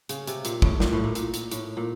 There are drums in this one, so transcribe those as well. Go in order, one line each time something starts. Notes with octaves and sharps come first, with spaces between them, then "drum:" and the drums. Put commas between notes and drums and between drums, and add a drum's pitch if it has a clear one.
C#3, drum: hi-hat
C3, drum: hi-hat
A#2, drum: hi-hat
A2, drum: kick
A#2, drum: snare
A2
A#2
A#2, drum: hi-hat
drum: hi-hat
A2, drum: hi-hat
A#2